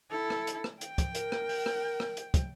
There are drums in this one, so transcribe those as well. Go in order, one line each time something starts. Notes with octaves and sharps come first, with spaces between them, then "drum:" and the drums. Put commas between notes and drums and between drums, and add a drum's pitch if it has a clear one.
E4 A4
drum: rim click
drum: hi-hat
drum: rim click
G5, drum: hi-hat
drum: kick, hi-hat
A#4, drum: hi-hat
drum: rim click
drum: open hi-hat
drum: rim click
drum: rim click
drum: hi-hat
drum: kick, hi-hat